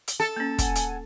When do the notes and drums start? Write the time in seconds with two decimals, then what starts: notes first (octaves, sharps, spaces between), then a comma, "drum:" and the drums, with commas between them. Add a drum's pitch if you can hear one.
0.08 drum: hi-hat
0.20 A4
0.37 A#3 C#4
0.58 F#5 G#5, drum: kick, hi-hat
0.75 drum: hi-hat